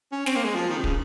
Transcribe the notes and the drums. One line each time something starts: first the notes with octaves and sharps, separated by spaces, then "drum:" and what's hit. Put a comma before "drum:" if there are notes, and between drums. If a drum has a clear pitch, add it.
C#4
C4, drum: snare
A#3
G#3
F3
D#3
C3
C#3, drum: kick